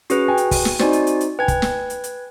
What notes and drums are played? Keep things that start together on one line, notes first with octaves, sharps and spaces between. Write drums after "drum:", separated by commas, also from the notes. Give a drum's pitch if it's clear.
C#4 F#4 G#4 B4, drum: hi-hat
G5 G#5
drum: hi-hat
drum: kick, open hi-hat
drum: snare
C4 D#4 F#4 D5 G#5, drum: snare
drum: hi-hat
drum: hi-hat
drum: hi-hat
B4 G5 G#5 G#6
drum: kick, hi-hat
drum: snare
drum: hi-hat
drum: hi-hat